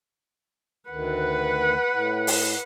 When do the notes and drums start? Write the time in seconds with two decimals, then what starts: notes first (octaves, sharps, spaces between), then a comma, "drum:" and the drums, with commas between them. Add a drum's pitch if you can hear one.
0.90 D2 D#3 B4 F#5
1.92 A2
2.27 drum: open hi-hat